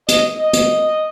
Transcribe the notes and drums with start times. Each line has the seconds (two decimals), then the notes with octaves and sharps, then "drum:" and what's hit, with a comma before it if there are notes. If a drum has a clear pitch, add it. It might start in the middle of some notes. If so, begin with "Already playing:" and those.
0.09 D#5, drum: hi-hat
0.37 D#5
0.53 drum: hi-hat